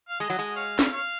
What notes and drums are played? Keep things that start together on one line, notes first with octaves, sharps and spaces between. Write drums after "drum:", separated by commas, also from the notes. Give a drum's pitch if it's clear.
F5
G#3 D#5
F#3
G#3
C#5 F5
drum: snare
C#5 F5